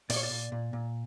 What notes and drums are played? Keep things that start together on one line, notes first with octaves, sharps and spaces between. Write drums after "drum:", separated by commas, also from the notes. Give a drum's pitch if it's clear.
A#2 D5, drum: open hi-hat
C#5
D5
A#2
A#2
A#2